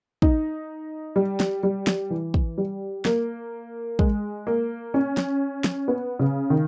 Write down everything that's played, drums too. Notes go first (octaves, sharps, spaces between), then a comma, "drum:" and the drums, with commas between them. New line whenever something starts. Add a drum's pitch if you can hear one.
D#4, drum: kick
G3
drum: snare
G3
drum: snare
E3
drum: kick
G3
A#3, drum: snare
G#3, drum: kick
A#3
C#4
drum: snare
drum: snare
B3
C#3
D#3